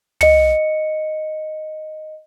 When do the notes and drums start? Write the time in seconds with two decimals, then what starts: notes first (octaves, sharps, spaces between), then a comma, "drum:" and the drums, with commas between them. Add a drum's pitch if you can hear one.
0.21 D#5 C#7, drum: tom